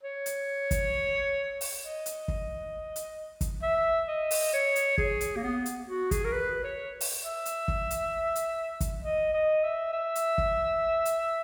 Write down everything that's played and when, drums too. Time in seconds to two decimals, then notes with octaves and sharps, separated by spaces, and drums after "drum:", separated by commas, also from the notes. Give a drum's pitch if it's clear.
0.03 C#5
0.26 drum: hi-hat
0.71 drum: kick, hi-hat
1.61 drum: open hi-hat
1.84 D#5
2.06 drum: hi-hat
2.28 drum: kick
2.96 drum: hi-hat
3.41 drum: kick, hi-hat
3.63 E5
4.08 D#5
4.31 drum: open hi-hat
4.53 C#5
4.76 drum: hi-hat
4.98 G#4, drum: kick
5.21 drum: hi-hat
5.36 A#3
5.44 B3
5.66 drum: hi-hat
5.88 F#4
6.11 G#4, drum: kick, hi-hat
6.25 A#4
6.33 B4
6.64 C#5
7.01 drum: open hi-hat
7.23 E5
7.46 drum: hi-hat
7.68 drum: kick
7.91 drum: hi-hat
8.36 drum: hi-hat
8.81 drum: kick, hi-hat
9.02 D#5
9.33 D#5
9.63 E5
9.93 E5
10.15 drum: hi-hat
10.38 drum: kick
11.05 drum: hi-hat